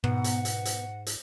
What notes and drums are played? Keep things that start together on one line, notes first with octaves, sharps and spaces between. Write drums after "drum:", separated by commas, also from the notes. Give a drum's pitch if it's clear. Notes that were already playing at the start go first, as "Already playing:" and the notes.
G#2 B2 B3 F#5, drum: rim click
drum: hi-hat
drum: hi-hat
drum: hi-hat
drum: hi-hat